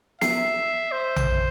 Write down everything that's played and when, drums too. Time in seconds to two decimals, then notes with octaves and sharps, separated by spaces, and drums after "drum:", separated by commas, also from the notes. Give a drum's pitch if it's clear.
0.21 E5 C7, drum: snare
0.92 C5
1.16 drum: tom A#1